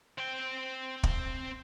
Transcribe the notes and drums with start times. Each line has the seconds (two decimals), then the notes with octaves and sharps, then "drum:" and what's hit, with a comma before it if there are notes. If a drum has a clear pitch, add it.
0.18 C4 G5
1.03 drum: kick